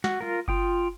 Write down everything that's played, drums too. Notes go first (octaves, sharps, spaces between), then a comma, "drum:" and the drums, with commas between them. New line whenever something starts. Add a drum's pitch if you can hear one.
F#4, drum: snare
F4 A#4
F4 G5 D#6, drum: kick F#1